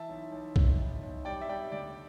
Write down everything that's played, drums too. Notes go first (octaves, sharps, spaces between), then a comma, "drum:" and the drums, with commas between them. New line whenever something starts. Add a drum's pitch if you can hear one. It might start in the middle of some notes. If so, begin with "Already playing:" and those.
Already playing: E3 E5 A5
B1
B1
B1, drum: kick
B1
B1
G3 D5 G5
E5
G3 D5 G5
D2 D5